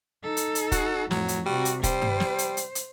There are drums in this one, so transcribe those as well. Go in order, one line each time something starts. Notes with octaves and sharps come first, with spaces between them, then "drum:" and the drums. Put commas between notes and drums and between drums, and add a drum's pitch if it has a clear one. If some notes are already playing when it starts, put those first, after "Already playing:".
D#4 A4
drum: hi-hat
drum: hi-hat
F#4, drum: kick, hi-hat
F2 A2 F#3, drum: snare
drum: hi-hat
C3 G3 F#4
drum: hi-hat
G3 C5, drum: kick, hi-hat
drum: tom G2
drum: snare
drum: hi-hat
drum: hi-hat
drum: hi-hat